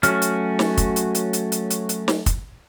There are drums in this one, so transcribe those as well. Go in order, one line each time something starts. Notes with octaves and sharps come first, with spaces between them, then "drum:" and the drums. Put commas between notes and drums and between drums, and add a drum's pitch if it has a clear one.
F#3 A3 C#4 F#4 F6, drum: hi-hat
drum: hi-hat
drum: snare
drum: kick, hi-hat
drum: hi-hat
drum: hi-hat
drum: hi-hat
drum: hi-hat
drum: hi-hat
drum: hi-hat
drum: snare
drum: kick, hi-hat